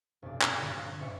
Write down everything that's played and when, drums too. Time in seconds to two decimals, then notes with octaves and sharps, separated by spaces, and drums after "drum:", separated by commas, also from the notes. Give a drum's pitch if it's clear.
0.22 F1 B1 G2 D5
0.42 F4, drum: clap
0.60 G2 A#2 D3 F#3
0.80 F5 C6 C#6
1.00 F#1 A#2 D5 E5 C#7